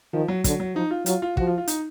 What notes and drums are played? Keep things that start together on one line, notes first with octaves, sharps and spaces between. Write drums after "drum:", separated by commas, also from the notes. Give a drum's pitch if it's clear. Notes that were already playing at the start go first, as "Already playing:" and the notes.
D#3 F3
F#3
D3 F#3, drum: kick, hi-hat
F#3
F3 D#4
F4
F#3 F4, drum: hi-hat
F4
F3 F#4, drum: kick
F4
F4
D#4, drum: hi-hat